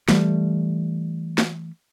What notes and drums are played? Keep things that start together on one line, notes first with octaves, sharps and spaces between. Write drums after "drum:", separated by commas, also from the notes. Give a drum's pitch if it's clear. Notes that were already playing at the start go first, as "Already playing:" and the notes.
E3 G3 A3, drum: snare
drum: snare